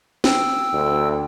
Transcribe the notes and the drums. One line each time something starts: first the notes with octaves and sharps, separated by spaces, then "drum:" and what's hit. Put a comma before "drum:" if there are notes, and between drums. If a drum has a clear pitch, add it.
G5 E6, drum: snare
D2